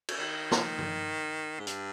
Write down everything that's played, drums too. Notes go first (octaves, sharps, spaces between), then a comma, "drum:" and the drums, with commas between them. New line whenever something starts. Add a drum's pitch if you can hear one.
drum: cymbal
D#3
drum: snare
drum: tom G2
G#2
G2, drum: hi-hat